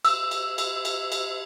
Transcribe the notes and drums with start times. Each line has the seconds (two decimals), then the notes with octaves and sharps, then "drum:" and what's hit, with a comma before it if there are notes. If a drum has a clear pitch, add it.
0.05 E6, drum: cymbal
0.31 drum: cymbal
0.58 drum: cymbal
0.85 drum: cymbal
1.12 drum: cymbal